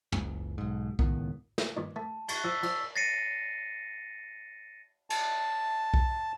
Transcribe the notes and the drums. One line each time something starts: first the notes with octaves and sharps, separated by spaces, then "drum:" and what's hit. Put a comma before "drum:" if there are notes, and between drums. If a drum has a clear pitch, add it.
F#1 C#2, drum: tom
B1 G#2
C#2 A2 D#3 B3, drum: kick B1
drum: snare
G2 A#2 D#3
A3 A5
A5 C#6 A6 G7, drum: cymbal
F3 E6 A6 B6
F3 E6, drum: cymbal
A6 A#6 C7 C#7 D#7
A5, drum: cymbal
drum: kick B1